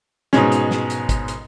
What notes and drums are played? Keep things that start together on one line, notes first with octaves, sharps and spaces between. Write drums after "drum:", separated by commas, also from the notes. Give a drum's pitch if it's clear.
G#2 B2 G#3 C#4, drum: snare
drum: hi-hat
drum: snare
drum: hi-hat
drum: kick G#1, hi-hat
drum: hi-hat